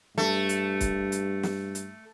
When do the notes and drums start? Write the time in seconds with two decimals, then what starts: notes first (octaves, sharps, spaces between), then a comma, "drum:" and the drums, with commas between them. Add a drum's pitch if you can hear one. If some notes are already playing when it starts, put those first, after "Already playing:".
0.18 G2 A3, drum: snare
0.49 drum: hi-hat
0.80 drum: kick, hi-hat
1.12 drum: hi-hat
1.43 drum: snare
1.75 drum: hi-hat